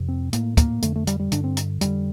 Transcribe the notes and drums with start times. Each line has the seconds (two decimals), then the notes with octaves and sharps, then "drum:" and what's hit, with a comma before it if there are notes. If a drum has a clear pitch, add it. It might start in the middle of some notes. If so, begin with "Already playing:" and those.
Already playing: F2 C3
0.08 C4
0.33 A2 A#3, drum: hi-hat
0.57 A#3, drum: kick, hi-hat
0.82 F2 D3 A3, drum: hi-hat
0.96 A3
1.07 G3, drum: hi-hat
1.19 G3
1.32 G2 D3 D4, drum: hi-hat
1.44 C4
1.57 drum: hi-hat
1.81 F2 D3 G3, drum: hi-hat